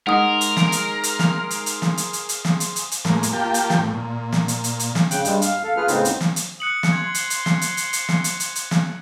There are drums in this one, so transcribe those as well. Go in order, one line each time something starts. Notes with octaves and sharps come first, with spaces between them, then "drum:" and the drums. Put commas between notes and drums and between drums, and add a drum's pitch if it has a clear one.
G#3 D#4 G#4 A#4 F#5 C6 D#6
drum: hi-hat
drum: snare
drum: hi-hat
drum: hi-hat
drum: snare
drum: hi-hat
drum: hi-hat
drum: snare
drum: hi-hat
drum: hi-hat
drum: hi-hat
drum: snare
drum: hi-hat
drum: hi-hat
drum: hi-hat
A2 G#3 A#3, drum: snare
drum: hi-hat
A#3 F4 G4 G5 A5
drum: hi-hat
drum: snare
A2
A#2
drum: snare
drum: hi-hat
drum: hi-hat
drum: hi-hat
drum: snare
C#3 G5 F#6, drum: hi-hat
G2 G3 G#3, drum: hi-hat
F5, drum: hi-hat
A4 F5
F4 G#4 B4 F6
A2 C#3 G#3 B3 C4 D#4, drum: hi-hat
drum: hi-hat
drum: snare
drum: hi-hat
D#6 F#6 C#7 F#7
drum: snare
C6 G#6
drum: hi-hat
drum: hi-hat
drum: snare
drum: hi-hat
drum: hi-hat
drum: hi-hat
drum: snare
drum: hi-hat
drum: hi-hat
drum: hi-hat
drum: snare